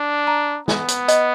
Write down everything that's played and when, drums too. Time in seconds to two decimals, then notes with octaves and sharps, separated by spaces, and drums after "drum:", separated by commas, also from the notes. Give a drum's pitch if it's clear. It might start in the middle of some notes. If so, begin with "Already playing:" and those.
Already playing: D4
0.27 A#5
0.68 B3 G#5, drum: snare
0.88 drum: hi-hat
1.08 D#5, drum: hi-hat